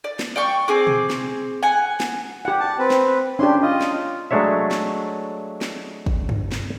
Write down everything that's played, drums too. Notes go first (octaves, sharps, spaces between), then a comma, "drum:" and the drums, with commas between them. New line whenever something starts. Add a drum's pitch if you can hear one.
D5
drum: snare
D5 G5 C#6
C4 G#4 D6
drum: tom A#2
drum: snare
F#5 G#5
drum: snare
G4 F#5
A5
C4 B4
drum: snare
C#4 D4 G4 C6
F4 D#5
drum: snare
F#3 G#3 A3 D4 C#5 E5
drum: snare
drum: snare
drum: kick
drum: tom
drum: snare